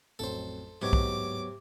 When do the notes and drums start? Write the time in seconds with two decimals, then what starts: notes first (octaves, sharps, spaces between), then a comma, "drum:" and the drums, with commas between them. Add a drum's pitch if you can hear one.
0.19 A1 F2 F#3 A4 C5
0.82 D1 G#2 C3 F#3 B3 C#5 D6 G#6
0.93 drum: kick B1